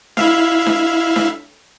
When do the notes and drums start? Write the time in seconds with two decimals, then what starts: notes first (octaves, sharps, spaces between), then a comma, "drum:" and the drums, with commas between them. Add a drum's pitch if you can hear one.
0.17 E4 E5 F5, drum: snare D4
0.66 drum: snare D4
1.16 drum: snare D4